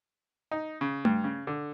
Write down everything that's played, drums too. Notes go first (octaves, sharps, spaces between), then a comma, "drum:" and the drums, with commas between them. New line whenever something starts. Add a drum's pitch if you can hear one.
D#4
C#3
G2, drum: tom A3
C#3
D3